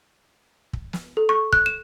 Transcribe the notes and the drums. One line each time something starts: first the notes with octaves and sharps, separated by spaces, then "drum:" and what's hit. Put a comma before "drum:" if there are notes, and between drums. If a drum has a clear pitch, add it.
drum: kick
drum: snare
A4
C#6
F#6, drum: kick
E7